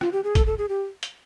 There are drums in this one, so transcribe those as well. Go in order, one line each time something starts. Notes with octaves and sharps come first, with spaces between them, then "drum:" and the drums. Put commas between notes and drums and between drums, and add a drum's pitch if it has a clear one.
F4, drum: rim click
G4
G#4
A4, drum: kick, hi-hat
A4
G#4
G4
drum: hi-hat